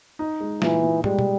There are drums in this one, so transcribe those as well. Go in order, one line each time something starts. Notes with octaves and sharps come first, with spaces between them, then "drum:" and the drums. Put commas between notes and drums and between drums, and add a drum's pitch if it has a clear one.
D#4
G#3
A#2 E3, drum: snare
A#2
G3 G#3, drum: tom
drum: tom